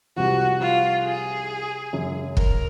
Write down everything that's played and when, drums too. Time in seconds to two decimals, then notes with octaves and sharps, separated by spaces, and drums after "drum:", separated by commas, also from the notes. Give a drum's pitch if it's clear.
0.16 C2 C3 F3 F#4
0.60 F4
1.04 G#4
1.93 F#2 C#3 G#3
2.37 A#4, drum: kick